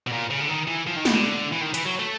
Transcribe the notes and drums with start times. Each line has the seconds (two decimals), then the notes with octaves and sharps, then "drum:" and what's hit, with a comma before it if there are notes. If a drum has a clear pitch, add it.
0.07 B2
0.12 A#2
0.31 C#3
0.40 D3
0.49 D#3
0.68 E3
0.87 F3
0.96 D#3
1.05 B2, drum: snare
1.15 D3
1.52 E3
1.62 D#3
1.74 E3, drum: hi-hat
1.86 F#3
1.99 A3